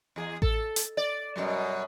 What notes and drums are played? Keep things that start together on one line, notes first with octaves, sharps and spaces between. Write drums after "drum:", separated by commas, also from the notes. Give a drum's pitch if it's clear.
E2 G#4
A4, drum: kick A1
drum: hi-hat
D5
F#2 B2 G3